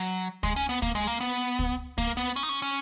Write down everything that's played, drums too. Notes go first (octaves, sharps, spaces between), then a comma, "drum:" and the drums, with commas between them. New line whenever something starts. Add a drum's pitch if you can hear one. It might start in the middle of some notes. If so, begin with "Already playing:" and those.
Already playing: F#3
G#3, drum: kick
C#4
B3
A#3, drum: kick
G#3
A#3
B3
drum: kick
A#3, drum: kick
B3
C#4
D#4
C#4
C#4